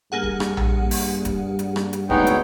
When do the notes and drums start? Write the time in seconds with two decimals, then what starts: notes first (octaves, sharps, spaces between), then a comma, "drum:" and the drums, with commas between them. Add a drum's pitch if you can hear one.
0.12 G2 A#3 G#4 F#5
0.23 drum: kick D#1
0.40 drum: rim click
0.57 drum: tom A#1
0.91 drum: open hi-hat
1.25 drum: kick D#1, hi-hat
1.59 drum: hi-hat
1.76 drum: rim click
1.93 drum: hi-hat
2.10 D2 G#3 B3 D#4 C#5 G5, drum: kick D#1
2.27 drum: hi-hat